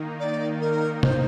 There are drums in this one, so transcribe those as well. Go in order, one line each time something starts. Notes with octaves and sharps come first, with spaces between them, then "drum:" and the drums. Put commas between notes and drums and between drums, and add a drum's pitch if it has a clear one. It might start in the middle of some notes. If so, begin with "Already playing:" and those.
Already playing: D#3 A#3 D#4
D5
A#4
C5, drum: tom